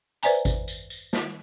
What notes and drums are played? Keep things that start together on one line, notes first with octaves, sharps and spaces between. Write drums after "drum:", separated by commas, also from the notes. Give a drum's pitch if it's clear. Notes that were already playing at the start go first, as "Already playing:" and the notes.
B4 C5 D5 E5 G#5 A#5, drum: tambourine
drum: kick G#1, tambourine
drum: tambourine
drum: tambourine
drum: snare